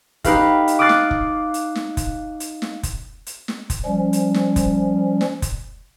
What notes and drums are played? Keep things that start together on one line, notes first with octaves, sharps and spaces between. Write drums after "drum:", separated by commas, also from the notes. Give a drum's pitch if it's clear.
D#4 G4 B4 F5, drum: kick F1, hi-hat
drum: hi-hat
D6 D#6 F6 F#6 A6 C7
drum: snare
drum: kick F1
drum: hi-hat
drum: snare
drum: kick F1, hi-hat
drum: hi-hat
drum: snare
drum: kick F1, hi-hat
drum: hi-hat
drum: snare
drum: kick F1, hi-hat
F3 G3 C#4
drum: hi-hat
drum: snare
drum: kick F1, hi-hat
drum: snare
drum: kick F1, hi-hat